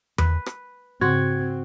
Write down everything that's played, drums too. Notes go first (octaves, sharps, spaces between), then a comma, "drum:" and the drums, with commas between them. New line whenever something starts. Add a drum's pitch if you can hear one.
B4, drum: tom E2
drum: rim click
G#2 C#3 C4 F#4 C6 G#6